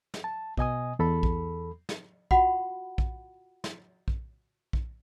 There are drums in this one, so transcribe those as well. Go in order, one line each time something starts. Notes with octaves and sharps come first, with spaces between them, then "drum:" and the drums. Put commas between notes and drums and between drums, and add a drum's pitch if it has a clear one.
drum: snare
A5
B2 D#5 G#5 D#6, drum: kick A#1
E2 A4 B5
drum: kick A#1
drum: snare
F4 F#4 F#5 B5, drum: kick A#1
drum: kick A#1
drum: snare
drum: kick A#1
drum: kick A#1